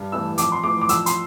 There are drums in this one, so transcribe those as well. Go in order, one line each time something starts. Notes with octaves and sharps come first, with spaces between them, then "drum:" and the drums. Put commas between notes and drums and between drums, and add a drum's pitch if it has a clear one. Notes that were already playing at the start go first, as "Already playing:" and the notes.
Already playing: G2
E3 A3 E6
F2 D6, drum: hi-hat
C6
E3 A3 D6
D6
F2 E6, drum: hi-hat
C6, drum: hi-hat